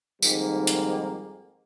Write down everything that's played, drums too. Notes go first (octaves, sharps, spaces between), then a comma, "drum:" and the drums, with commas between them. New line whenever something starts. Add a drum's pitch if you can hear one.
F2 G#2 D#3 G3 A#3, drum: tambourine
drum: hi-hat